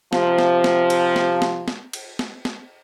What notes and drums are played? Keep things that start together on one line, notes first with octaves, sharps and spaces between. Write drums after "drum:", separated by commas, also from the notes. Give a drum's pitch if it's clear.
C3 F3, drum: snare
drum: snare
drum: snare
drum: cymbal
drum: snare
drum: snare
drum: snare
drum: cymbal
drum: snare
drum: snare